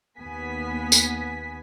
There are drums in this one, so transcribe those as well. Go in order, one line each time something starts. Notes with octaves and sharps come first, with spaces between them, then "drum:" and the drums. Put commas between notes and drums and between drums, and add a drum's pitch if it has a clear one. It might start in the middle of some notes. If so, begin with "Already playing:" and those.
D#2 B3 G#5 B6
drum: tambourine